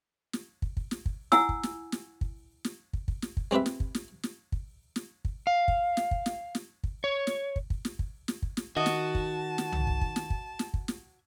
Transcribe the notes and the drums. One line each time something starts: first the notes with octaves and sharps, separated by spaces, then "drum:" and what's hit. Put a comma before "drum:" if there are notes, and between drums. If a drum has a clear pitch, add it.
drum: snare
drum: kick
drum: kick
drum: snare
drum: kick
E4 F#5 G#5 E6, drum: snare
drum: kick
drum: snare
drum: snare
drum: kick
drum: snare
drum: kick
drum: kick
drum: snare
drum: kick
G#3 C4 G4 B4 E5
drum: snare
drum: kick
drum: snare
drum: snare
drum: kick
drum: snare
drum: kick
F5
drum: kick
drum: snare
drum: kick
drum: snare
drum: snare
drum: kick
C#5
drum: snare
drum: kick
drum: kick
drum: snare
drum: kick
drum: snare
drum: kick
drum: snare
D#3 F#4 D#5 A5
drum: snare
drum: kick
drum: snare
drum: tom C2
drum: kick
drum: kick
drum: snare
drum: kick
drum: snare
drum: kick
drum: snare